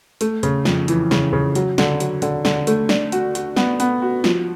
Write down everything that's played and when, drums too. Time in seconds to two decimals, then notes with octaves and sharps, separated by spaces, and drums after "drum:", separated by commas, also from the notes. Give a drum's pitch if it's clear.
0.21 A3, drum: hi-hat
0.43 C#3, drum: hi-hat
0.65 F2, drum: snare
0.88 E3, drum: hi-hat
1.11 C#3, drum: snare
1.33 C#3
1.55 F#3, drum: hi-hat
1.78 D3, drum: snare
2.00 F#3, drum: hi-hat
2.22 D3, drum: hi-hat
2.45 D3, drum: snare
2.67 A3, drum: hi-hat
2.89 D4, drum: snare
3.12 F#4, drum: hi-hat
3.35 F#4, drum: hi-hat
3.56 B3, drum: snare
3.80 B3, drum: hi-hat
4.02 F#4
4.24 F3, drum: snare